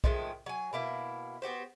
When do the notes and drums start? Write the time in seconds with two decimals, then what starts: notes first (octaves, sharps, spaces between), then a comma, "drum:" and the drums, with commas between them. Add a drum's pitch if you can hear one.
0.04 D#3 F3 G#3 A3, drum: kick B1
0.46 F#3 G#5
0.73 B2 A#3 E4
1.42 B3 F#4 G4 C5